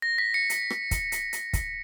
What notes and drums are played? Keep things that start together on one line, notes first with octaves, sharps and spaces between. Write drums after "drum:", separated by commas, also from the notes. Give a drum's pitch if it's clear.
A#6
B6
C#7
drum: hi-hat
drum: rim click
drum: kick, hi-hat
drum: hi-hat
drum: hi-hat
drum: kick, hi-hat